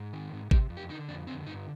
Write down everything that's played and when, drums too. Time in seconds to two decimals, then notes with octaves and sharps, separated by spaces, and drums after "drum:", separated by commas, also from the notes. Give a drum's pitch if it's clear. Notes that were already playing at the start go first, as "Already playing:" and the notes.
Already playing: G#2
0.13 D#3
0.32 G#2
0.51 C3 G4, drum: kick G#1
0.70 F2
0.77 G4
0.89 D3 D#4
1.08 F2 D4
1.27 D3 C4
1.46 G2 D#4